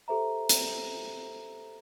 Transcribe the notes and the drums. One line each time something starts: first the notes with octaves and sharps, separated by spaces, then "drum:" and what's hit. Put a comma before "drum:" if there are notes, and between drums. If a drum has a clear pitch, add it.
G4 A4 C5 E5 A#5
drum: hi-hat